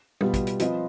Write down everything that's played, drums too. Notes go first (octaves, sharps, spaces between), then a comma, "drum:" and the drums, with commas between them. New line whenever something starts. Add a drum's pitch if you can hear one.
B2 G3 B3 F4, drum: tom
drum: kick, hi-hat
drum: hi-hat
F3 C4 F4 B4 D#5, drum: hi-hat